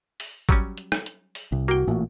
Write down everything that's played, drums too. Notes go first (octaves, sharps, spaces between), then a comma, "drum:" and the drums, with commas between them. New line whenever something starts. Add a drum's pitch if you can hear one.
drum: open hi-hat
F#3 G3 C#4, drum: kick, hi-hat
drum: hi-hat
drum: rim click
drum: hi-hat
drum: open hi-hat
C2
A#3 F#4 G5
A1 A#2